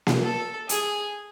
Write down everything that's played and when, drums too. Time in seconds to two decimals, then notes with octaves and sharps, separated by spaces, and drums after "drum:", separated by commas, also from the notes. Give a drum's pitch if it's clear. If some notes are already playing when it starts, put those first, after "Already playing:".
0.07 drum: snare A#3
0.24 A4
0.69 G#4, drum: hi-hat